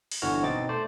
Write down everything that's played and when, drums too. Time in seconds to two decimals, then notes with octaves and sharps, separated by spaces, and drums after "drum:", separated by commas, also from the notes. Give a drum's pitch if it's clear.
0.11 drum: open hi-hat
0.22 G1 D3 E3 F#4 C#5 F6
0.42 B2 C4 D#4 D6 A6
0.69 A3 C5 D5